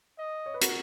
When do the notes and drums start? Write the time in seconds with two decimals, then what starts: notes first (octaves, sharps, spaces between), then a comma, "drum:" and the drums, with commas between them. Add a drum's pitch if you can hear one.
0.19 D#5
0.46 C#5
0.54 B4
0.61 F#4 A#4, drum: hi-hat